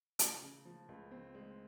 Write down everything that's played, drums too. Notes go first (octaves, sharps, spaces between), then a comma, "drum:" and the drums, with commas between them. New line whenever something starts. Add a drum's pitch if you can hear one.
C#3, drum: hi-hat
C#3
F3
C#2
C4
G#3